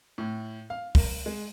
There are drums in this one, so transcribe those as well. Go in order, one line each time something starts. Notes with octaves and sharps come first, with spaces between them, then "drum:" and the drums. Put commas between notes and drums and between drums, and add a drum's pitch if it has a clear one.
A2
F5
A#4, drum: kick, open hi-hat
G#3